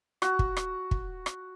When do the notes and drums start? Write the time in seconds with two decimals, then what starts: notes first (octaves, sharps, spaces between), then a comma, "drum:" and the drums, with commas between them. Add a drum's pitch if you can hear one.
0.22 F#4, drum: rim click
0.39 drum: kick
0.57 drum: rim click
0.91 drum: kick
1.26 drum: rim click